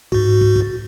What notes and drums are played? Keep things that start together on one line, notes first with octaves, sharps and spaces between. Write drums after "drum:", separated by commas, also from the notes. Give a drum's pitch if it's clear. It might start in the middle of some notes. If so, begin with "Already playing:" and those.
G#2 F#4, drum: kick
drum: kick
drum: kick